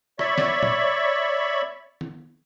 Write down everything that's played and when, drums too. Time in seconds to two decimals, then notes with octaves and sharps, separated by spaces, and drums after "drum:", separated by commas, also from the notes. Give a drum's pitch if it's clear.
0.19 C#5 D5 E5 B5 C#6, drum: rim click
0.38 drum: snare
0.63 drum: tom A#2
2.01 drum: tom